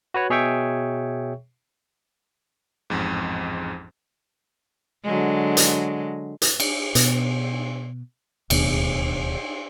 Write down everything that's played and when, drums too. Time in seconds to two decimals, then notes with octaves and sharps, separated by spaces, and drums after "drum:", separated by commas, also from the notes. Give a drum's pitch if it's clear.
0.14 F#4 B4 C#5
0.30 B2 G#4 C#5 E5 G5 C#6
2.90 A1 F2 G#2
5.05 D3 F#3 G#3
5.57 drum: hi-hat
6.42 drum: hi-hat
6.60 drum: cymbal
6.95 B2, drum: hi-hat
8.50 D1 D#2 B2, drum: cymbal